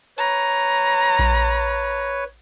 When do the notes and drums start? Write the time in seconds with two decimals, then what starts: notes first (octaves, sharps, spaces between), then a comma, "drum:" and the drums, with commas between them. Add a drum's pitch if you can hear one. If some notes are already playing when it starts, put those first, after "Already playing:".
0.18 B4 C#5 A#5, drum: hi-hat
1.19 drum: kick A#1